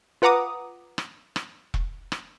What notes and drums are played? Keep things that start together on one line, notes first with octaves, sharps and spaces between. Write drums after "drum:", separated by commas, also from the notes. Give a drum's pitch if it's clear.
F4 B4 F#5 A#5 D6 D#6
drum: rim click
drum: rim click
drum: kick E1
drum: rim click